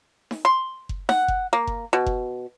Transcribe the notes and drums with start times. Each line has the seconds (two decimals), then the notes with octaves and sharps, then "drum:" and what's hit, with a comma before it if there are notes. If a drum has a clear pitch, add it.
0.31 drum: snare D#4
0.45 C6
0.89 drum: kick F#1
1.09 F#5, drum: snare D#4
1.28 drum: kick F#1
1.53 A#3
1.67 drum: kick F#1
1.93 B2
2.06 drum: kick F#1